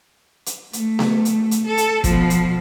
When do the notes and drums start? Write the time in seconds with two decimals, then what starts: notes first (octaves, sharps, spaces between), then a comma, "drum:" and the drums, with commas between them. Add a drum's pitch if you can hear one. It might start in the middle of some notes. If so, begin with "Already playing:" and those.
0.46 drum: hi-hat
0.73 A3, drum: hi-hat
0.99 drum: snare B3
1.25 drum: hi-hat
1.51 drum: hi-hat
1.66 A4
1.78 drum: hi-hat
2.04 B2 F3, drum: kick, hi-hat
2.30 drum: hi-hat